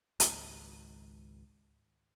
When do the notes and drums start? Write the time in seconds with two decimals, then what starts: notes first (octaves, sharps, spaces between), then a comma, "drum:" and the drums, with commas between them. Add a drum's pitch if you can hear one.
0.20 G#1 C#2, drum: hi-hat